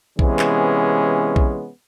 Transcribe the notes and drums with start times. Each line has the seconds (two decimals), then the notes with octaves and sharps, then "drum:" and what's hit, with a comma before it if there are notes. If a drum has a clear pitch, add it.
0.19 C3 E3 G#3 B3 C#4, drum: kick A#1
0.39 drum: clap
1.36 drum: kick A#1